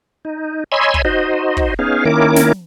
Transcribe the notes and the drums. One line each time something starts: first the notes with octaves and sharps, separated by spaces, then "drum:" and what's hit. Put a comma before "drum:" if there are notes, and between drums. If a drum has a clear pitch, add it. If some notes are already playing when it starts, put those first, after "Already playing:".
D#4
C#5 D#5 G#5 B5 C6 E6
drum: kick
D#4 F#4 C5 D#5
drum: kick
B3 C#4 D#4 G#4 F5
D#3 A#3 C#4 E4 A#4 D6
drum: snare